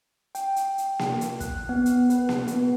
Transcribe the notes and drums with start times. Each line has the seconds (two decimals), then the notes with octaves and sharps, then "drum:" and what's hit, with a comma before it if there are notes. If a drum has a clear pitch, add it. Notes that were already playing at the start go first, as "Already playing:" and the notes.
0.35 G5, drum: hi-hat
0.56 drum: hi-hat
0.78 drum: hi-hat
0.99 drum: snare A#3
1.21 drum: hi-hat
1.40 F#6, drum: kick, hi-hat
1.69 B3
1.86 drum: hi-hat
2.10 B4, drum: hi-hat
2.29 drum: snare A#3
2.47 B3, drum: hi-hat